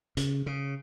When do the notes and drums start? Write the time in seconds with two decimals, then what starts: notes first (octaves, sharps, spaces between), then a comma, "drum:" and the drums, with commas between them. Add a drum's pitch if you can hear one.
0.17 C#3, drum: hi-hat
0.46 C#3